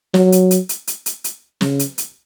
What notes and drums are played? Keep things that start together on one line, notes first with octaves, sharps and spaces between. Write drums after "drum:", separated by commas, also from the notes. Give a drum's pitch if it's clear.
F#3, drum: snare
drum: hi-hat
drum: hi-hat
drum: hi-hat
drum: hi-hat
drum: hi-hat
drum: hi-hat
C#3, drum: snare
drum: hi-hat
drum: hi-hat